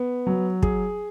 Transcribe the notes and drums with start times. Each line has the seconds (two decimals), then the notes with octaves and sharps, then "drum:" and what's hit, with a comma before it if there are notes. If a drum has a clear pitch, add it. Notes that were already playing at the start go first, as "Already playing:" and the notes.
Already playing: B3
0.27 F#3
0.63 G#4, drum: kick